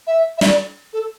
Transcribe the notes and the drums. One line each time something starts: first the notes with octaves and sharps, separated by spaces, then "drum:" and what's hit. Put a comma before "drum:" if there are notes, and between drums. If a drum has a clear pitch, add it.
E5
E5
D5, drum: snare
A4